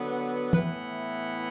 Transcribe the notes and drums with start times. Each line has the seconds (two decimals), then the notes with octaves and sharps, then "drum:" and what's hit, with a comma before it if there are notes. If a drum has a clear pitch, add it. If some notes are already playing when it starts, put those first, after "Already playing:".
Already playing: D3 F#3 B3
0.53 A2 E3 B3 B4, drum: tom